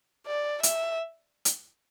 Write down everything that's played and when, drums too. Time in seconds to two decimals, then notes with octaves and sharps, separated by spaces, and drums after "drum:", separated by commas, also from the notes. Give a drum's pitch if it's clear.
0.27 D5
0.63 E5, drum: hi-hat
1.45 drum: hi-hat